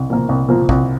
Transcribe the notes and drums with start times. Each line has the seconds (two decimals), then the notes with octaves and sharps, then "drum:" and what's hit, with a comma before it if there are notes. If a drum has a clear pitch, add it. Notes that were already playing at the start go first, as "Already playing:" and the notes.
Already playing: C2
0.10 A#2 F3 A#3
0.29 C2
0.49 A#2 F3 A#3
0.69 C2, drum: kick